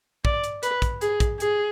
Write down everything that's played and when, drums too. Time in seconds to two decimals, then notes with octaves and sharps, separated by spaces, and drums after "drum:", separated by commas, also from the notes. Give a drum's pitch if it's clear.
0.25 D5, drum: kick
0.44 drum: hi-hat
0.63 B4, drum: hi-hat
0.82 drum: kick, hi-hat
1.01 G#4, drum: hi-hat
1.20 drum: kick, hi-hat
1.40 G#4, drum: hi-hat